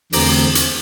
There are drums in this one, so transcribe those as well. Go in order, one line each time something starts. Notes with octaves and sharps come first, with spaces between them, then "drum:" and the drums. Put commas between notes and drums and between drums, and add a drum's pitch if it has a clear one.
E2 D3 A3 C4 A#5 D6, drum: open hi-hat
drum: hi-hat